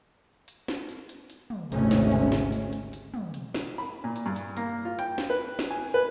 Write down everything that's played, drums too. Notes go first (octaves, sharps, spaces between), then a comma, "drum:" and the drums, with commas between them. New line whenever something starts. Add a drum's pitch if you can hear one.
drum: hi-hat
drum: snare
drum: hi-hat
drum: hi-hat
drum: hi-hat
drum: tom
G#1 D2 C3 G#3 A3 C#4, drum: hi-hat
drum: snare
drum: hi-hat
drum: snare
drum: hi-hat
drum: hi-hat
drum: hi-hat
drum: tom
drum: hi-hat
drum: snare
B5
A#2
drum: hi-hat
G2
drum: hi-hat
A#3, drum: hi-hat
F4
G5, drum: hi-hat
drum: snare
B4
drum: snare
G#5
B4